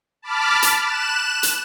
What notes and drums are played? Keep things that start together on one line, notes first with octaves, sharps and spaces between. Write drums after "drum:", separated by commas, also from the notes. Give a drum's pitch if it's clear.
A5 B5 D6 F6
drum: hi-hat
F#6 E7
drum: hi-hat